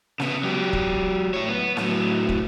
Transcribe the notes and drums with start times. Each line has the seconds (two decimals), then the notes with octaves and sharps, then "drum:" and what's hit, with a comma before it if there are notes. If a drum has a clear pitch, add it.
0.20 C#3 B3, drum: rim click
0.44 F#3 G4
0.73 drum: kick
1.34 A2 C#5
1.48 B3
1.77 A2 F#3, drum: rim click
2.29 drum: kick